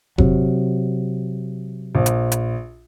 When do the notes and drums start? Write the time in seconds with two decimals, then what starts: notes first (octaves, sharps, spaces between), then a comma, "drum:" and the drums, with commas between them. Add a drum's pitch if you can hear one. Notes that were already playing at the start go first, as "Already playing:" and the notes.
0.18 C3 F#3, drum: kick F1
1.95 A#1
2.06 drum: hi-hat
2.32 drum: hi-hat